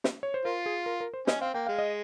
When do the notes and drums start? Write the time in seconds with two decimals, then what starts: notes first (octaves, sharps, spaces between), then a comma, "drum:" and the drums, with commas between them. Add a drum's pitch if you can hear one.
0.04 drum: snare
0.23 C#5
0.34 C5
0.45 F4 A#4
0.66 G#4
0.86 A#4
1.01 A#4
1.14 C5
1.27 C#4 D#5, drum: snare
1.41 C4 F5
1.54 A#3 G5
1.67 G#3 F5
1.79 D#5